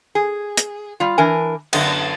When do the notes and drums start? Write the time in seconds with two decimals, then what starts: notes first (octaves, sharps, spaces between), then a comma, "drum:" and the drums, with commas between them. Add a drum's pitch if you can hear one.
0.15 G#4
0.57 drum: hi-hat
1.00 G3 F4
1.18 E3 D4 A#4 G#5
1.73 F#2 D3 B3, drum: cymbal